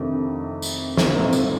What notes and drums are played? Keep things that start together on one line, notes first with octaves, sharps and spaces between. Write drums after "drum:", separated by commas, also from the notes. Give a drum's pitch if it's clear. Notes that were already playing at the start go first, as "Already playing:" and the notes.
Already playing: F2 C3 D#3 A3 D4
drum: tambourine
drum: snare
C2 A#2 A3 C4 D#4
drum: tambourine